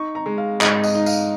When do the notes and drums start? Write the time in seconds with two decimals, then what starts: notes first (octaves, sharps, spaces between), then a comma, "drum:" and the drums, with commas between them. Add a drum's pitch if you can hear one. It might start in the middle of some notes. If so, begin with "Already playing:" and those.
Already playing: D#4 C#6
0.15 A#5
0.26 G#3
0.38 F5
0.61 G#2 D#5, drum: clap
0.84 D#5, drum: tambourine
0.95 D#4
1.06 F5, drum: tambourine